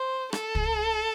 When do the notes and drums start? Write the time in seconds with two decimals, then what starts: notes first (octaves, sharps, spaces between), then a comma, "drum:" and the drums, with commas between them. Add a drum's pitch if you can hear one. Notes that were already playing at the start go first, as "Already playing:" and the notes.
Already playing: C5
0.33 A4, drum: rim click
0.55 drum: kick